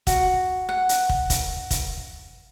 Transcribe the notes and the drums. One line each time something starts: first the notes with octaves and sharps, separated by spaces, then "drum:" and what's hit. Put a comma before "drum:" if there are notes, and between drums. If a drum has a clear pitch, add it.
F#4, drum: kick, hi-hat
F#5
drum: hi-hat
drum: kick
drum: kick, hi-hat
drum: kick, hi-hat